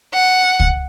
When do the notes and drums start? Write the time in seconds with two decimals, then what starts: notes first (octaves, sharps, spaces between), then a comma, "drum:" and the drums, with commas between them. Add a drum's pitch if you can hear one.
0.13 F#5
0.60 drum: kick C#2